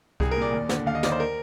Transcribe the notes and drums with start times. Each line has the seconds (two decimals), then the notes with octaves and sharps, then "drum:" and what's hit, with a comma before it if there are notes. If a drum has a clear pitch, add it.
0.20 C2 G#4, drum: kick C2
0.31 A#2 A#4
0.42 D5
0.53 D#2
0.69 D3, drum: snare
0.86 D#2 F5
0.95 D#5
1.03 D#3 D5, drum: snare
1.12 C5
1.20 A#4